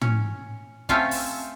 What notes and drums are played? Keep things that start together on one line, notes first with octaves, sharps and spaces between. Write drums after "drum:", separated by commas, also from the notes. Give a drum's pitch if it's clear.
C#4, drum: tom
A3 C4 C#4 F4 F5, drum: kick
drum: open hi-hat